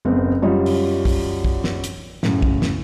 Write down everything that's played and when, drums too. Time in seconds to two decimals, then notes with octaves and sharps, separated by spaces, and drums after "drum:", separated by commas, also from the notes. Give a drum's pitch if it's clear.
0.05 F#1 B3 C4
0.42 F#2 G3 F4 C#5 D#5
0.66 drum: open hi-hat
1.05 drum: kick, open hi-hat
1.45 drum: kick
1.64 drum: snare
1.84 drum: hi-hat
2.23 F#2 A2 C#3, drum: snare
2.42 drum: kick
2.62 drum: snare